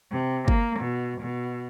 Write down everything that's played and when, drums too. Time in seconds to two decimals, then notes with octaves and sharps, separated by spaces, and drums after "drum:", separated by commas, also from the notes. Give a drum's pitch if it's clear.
0.10 C3
0.48 A#3, drum: kick G1
0.79 B2
1.21 B2